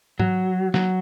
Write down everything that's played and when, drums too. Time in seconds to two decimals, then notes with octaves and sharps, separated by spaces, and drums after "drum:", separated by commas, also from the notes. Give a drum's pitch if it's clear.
0.20 F#3, drum: tom G#2
0.74 F#3, drum: snare